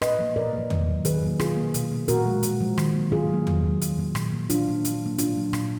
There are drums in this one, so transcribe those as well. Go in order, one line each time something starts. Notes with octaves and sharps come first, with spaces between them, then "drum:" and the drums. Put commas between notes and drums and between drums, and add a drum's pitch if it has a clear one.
A#2 B4 D#5, drum: rim click
F3 A#3
A#2 A#4 D5
A#3
F3
D#3, drum: tom E2
F#3 A#3
D#3 G#4 B4, drum: hi-hat
F#3 A#3
B2 F4 G#4, drum: rim click
A#3
B2, drum: hi-hat
A#3
A#2 F#4 A#4, drum: hi-hat
F3 G#3
A#2, drum: hi-hat
F3 G#3
D#3, drum: rim click
F#3 A#3
D#3 F4 G#4
F#3 A#3
D#3, drum: tom E2
F#3 A#3
D#3, drum: hi-hat
F#3 A#3
A#2, drum: rim click
F3 A#3
A#2 D4 F4, drum: hi-hat
F3 A#3
A#2, drum: hi-hat
F#3 A#3
A#2 D4 F4, drum: hi-hat
F#3 A#3
A#2, drum: rim click